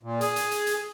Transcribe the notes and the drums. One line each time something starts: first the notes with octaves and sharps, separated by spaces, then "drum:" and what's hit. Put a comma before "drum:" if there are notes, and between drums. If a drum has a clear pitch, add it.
A#2
G#4, drum: hi-hat
drum: hi-hat
drum: hi-hat
drum: hi-hat